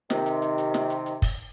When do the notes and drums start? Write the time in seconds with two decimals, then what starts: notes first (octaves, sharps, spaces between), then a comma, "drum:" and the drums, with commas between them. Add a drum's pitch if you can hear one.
0.10 C3 D#3, drum: snare
0.26 drum: hi-hat
0.42 drum: hi-hat
0.58 drum: hi-hat
0.74 drum: snare
0.90 drum: hi-hat
1.06 drum: hi-hat
1.22 drum: kick, open hi-hat